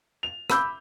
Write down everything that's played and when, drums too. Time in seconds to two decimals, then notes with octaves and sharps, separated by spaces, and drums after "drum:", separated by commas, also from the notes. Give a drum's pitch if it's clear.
0.23 F7
0.50 B5 D6 E6 G6, drum: rim click